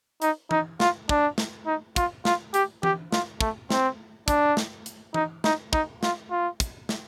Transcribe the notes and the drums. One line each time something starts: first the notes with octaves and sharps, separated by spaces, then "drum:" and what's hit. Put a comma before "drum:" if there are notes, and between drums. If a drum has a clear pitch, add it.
D#4, drum: hi-hat
D#4, drum: tom E3
F4, drum: snare
D4, drum: kick
drum: snare
D#4
F4, drum: kick, hi-hat
F4, drum: snare
G4, drum: hi-hat
G4, drum: tom E3
F4, drum: snare
A3, drum: kick
C4, drum: snare
D4, drum: kick, hi-hat
drum: snare
drum: hi-hat
D#4, drum: tom E3
D#4, drum: snare
D#4, drum: kick
F4, drum: snare
F4
drum: kick, hi-hat
drum: snare